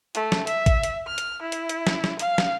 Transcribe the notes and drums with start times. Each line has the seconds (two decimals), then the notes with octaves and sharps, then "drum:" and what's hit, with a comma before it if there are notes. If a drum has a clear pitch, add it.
0.15 A3, drum: hi-hat
0.32 drum: snare
0.47 E5, drum: hi-hat
0.66 drum: kick A1, hi-hat
0.83 drum: hi-hat
1.07 F6
1.18 drum: hi-hat
1.42 E4
1.52 drum: hi-hat
1.69 drum: hi-hat
1.87 drum: snare
2.04 drum: snare
2.19 F5, drum: hi-hat
2.38 drum: snare